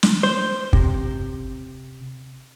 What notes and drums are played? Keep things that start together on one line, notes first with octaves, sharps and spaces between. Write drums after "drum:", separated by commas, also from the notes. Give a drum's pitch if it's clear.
drum: snare
C5
C3, drum: kick